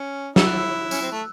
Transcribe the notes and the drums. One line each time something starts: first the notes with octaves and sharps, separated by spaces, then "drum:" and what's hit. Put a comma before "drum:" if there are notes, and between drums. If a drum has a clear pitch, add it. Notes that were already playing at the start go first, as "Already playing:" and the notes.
Already playing: C#4
E4 E6, drum: snare
F#6
E6
C#4, drum: tambourine
C4
A3